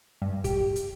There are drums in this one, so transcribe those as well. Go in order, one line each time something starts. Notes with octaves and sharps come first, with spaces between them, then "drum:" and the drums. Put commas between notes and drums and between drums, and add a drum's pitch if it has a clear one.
G2
G4, drum: kick, hi-hat
drum: hi-hat